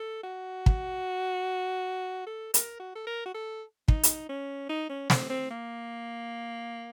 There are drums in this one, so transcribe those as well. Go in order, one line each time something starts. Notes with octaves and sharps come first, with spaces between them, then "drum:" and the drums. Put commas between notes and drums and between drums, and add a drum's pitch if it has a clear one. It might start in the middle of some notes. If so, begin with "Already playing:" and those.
Already playing: A4
F#4
drum: kick
A4
A#4, drum: hi-hat
F#4
A4
A#4
F#4
A4
D#4, drum: kick
drum: hi-hat
C#4
D#4
C#4
C4, drum: snare
C4
A#3